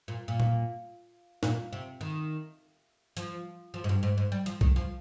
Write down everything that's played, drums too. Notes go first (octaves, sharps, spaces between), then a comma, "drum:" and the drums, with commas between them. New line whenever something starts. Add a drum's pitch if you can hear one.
A#2
A#2
drum: tom A#2
A#2, drum: snare
C3
D#3
F3, drum: hi-hat
F3
G#2
G2
G#2
G#2
G3
F3, drum: hi-hat
D#3, drum: kick B1
F3